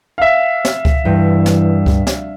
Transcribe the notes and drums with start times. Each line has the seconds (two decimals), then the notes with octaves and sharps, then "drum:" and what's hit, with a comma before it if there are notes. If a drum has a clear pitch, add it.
0.18 E5 F5
0.65 drum: snare
0.85 drum: kick C#2
1.05 G2 E3
1.46 drum: snare
1.86 drum: kick C#2
2.07 drum: snare